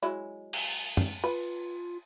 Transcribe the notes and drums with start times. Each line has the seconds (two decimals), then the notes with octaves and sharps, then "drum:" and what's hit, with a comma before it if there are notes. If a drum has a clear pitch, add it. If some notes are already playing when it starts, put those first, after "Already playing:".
0.03 F#3 G#3 E4
0.53 drum: cymbal
0.97 drum: tom
1.24 F4 B4